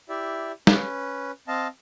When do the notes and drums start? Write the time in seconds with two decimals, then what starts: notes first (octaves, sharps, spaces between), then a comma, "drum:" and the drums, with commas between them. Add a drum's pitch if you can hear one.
0.09 E4 G4 D5 E5
0.67 C#4 B4, drum: snare
1.48 C4 D#5 F5 A5